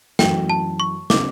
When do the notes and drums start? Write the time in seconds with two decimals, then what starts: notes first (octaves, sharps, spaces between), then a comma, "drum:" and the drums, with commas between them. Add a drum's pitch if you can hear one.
0.19 F#2 E3 A3 G5, drum: snare
0.49 A5
0.80 C#6
1.10 C#3 F#3 B3 D6, drum: snare